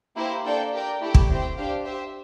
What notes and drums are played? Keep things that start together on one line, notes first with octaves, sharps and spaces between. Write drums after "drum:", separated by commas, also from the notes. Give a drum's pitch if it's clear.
A#3 E4 G4 C5
A#3 D4 A4 D5 G5
G4 A#4 D5 G5
A3 E4 G4
drum: kick
C4 E4 G4 C5 G5
D4 G4 C5 F5
G4 C5 E5